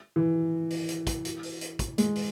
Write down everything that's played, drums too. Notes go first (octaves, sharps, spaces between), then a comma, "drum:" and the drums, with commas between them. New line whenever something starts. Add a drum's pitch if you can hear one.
E3
drum: open hi-hat
drum: hi-hat
drum: kick, hi-hat
drum: hi-hat
drum: open hi-hat
drum: hi-hat
drum: kick, hi-hat
G#3, drum: hi-hat
drum: open hi-hat